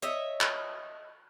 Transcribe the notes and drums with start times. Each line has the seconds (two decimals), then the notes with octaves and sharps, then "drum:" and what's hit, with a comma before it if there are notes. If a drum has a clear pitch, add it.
0.02 C#5 D#5 E5
0.41 drum: clap